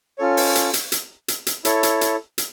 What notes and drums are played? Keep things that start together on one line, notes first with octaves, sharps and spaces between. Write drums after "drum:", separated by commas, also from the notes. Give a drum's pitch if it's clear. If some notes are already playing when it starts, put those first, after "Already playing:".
C#4 F4 A4 C#5
drum: open hi-hat
drum: hi-hat
drum: hi-hat
drum: hi-hat
drum: hi-hat
drum: hi-hat
E4 A4 C#5, drum: hi-hat
drum: hi-hat
drum: hi-hat
drum: hi-hat